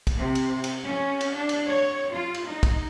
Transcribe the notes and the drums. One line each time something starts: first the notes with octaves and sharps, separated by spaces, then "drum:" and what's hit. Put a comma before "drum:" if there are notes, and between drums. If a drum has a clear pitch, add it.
drum: kick, cymbal
C3
drum: cymbal
drum: cymbal
C#4
drum: cymbal
D4
drum: cymbal
C#5
F4
drum: cymbal
D#4
drum: kick, cymbal